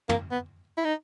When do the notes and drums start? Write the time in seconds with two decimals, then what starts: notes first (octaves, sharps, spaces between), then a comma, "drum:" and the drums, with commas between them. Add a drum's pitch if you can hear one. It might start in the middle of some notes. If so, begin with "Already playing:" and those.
0.09 A#3, drum: tom
0.31 B3
0.77 E4
0.85 D#4